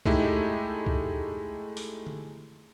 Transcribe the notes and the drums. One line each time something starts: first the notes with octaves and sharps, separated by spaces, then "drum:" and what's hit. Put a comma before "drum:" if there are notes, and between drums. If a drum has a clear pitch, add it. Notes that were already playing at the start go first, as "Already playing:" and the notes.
G#3 A3 D#4 E4 G4, drum: kick C#2
drum: kick C#2
drum: open hi-hat
drum: tom D3